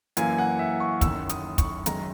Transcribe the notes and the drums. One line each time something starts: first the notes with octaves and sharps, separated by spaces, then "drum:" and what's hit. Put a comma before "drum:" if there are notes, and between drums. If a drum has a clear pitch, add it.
F#2 E3 A#3 G#5, drum: hi-hat
F#5
E5
C#6
F#1 F#2 D#3 E6, drum: kick, hi-hat
D#6, drum: hi-hat
C#6, drum: kick, hi-hat
F#1 F#2 D#3 G#3 D#4 A#5, drum: hi-hat